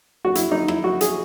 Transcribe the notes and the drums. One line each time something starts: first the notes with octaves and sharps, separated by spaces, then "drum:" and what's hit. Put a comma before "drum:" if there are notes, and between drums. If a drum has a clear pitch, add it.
F#4
E4, drum: hi-hat
D#4
E4, drum: rim click
F#4
G#4, drum: hi-hat